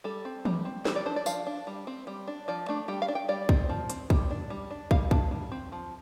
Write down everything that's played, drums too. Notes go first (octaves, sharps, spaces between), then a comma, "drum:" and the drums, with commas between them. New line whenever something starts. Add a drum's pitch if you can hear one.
G3 A4
C4
G3, drum: tom E3
C4
G3 C5, drum: snare
D5
D4 C5
D5
F3 F5, drum: tambourine
D4
G3
C4
G3
D4
F3 D5
A3 D4
G3 G5
F5
D4
G5
G3 D5
C4, drum: kick
F3
C4, drum: hi-hat
G3, drum: kick
D4
G3
D4
G3 F5, drum: kick
D4, drum: kick
G3
C4
F3